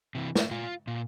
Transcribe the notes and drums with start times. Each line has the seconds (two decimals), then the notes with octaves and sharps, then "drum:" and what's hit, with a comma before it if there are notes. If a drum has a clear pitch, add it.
0.15 C3 E3
0.35 drum: snare
0.51 A#2 F4
0.87 A#2